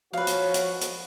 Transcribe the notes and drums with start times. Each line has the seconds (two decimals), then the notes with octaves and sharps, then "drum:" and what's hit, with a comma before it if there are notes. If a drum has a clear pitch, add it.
0.13 F3 F#4 B4 C#5 F5
0.27 drum: hi-hat
0.54 drum: hi-hat
0.81 drum: hi-hat